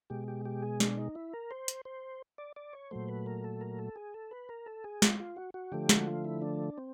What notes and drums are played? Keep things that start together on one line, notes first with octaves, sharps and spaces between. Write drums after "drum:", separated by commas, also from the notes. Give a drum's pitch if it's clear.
B2 G#3 G4
G4
G4
G#4
D4, drum: snare
D#4
E4
A#4
C5
drum: hi-hat
C5
D5
D5
C#5
A#2 F#3 A3 C5
B4
A#4
A4
A#4
A4
G#4
A4
B4
A#4
A4
G#4
F4, drum: snare
F4
F#4
F#4
D3 F3 A3 G4
F#4, drum: snare
F4
E4
D4
C4